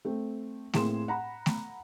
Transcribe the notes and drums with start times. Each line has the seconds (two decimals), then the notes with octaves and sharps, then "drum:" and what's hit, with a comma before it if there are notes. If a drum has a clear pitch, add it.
0.05 A3 C4
0.73 A2 A#3 C4 G#4 C6 E7, drum: snare A3
1.08 F#5 A#5 B5
1.46 drum: snare A3